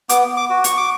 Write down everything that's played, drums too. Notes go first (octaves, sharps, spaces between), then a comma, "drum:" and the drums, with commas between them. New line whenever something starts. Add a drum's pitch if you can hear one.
B3 D6, drum: hi-hat
D6
F#4
C#6, drum: hi-hat
D6